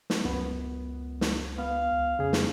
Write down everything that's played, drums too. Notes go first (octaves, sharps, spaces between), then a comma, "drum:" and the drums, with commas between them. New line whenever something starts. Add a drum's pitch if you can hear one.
drum: snare
C#2 F#2 B3
drum: snare
B3 F5
C#2
F2 C#3 G#4
drum: snare